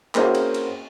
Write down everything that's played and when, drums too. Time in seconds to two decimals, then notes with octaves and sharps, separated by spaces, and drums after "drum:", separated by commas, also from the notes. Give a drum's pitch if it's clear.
0.15 A#3 C4 C#4 E4 F#4 G#4, drum: clap
0.35 drum: cymbal
0.54 drum: cymbal